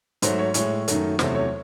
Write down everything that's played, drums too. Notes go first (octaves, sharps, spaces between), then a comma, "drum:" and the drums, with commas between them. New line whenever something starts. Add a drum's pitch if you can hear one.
G#2 F#3 A3 C5, drum: hi-hat
C#5
A2 G#3 C#5, drum: hi-hat
F#2 D#3 F#3 A3, drum: hi-hat
E2 C3 F#3 A3 C5, drum: snare
C#5